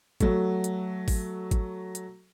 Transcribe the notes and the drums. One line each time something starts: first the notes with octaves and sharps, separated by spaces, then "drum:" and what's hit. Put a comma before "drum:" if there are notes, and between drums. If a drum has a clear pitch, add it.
F#3 A3, drum: kick G#1, hi-hat
drum: hi-hat
drum: kick G#1, open hi-hat
drum: kick G#1, hi-hat
drum: hi-hat